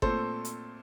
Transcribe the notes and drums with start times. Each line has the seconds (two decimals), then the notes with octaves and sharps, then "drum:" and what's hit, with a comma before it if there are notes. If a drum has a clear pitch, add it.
0.02 A#2 A3 C4 A4 C5, drum: kick G1
0.45 drum: hi-hat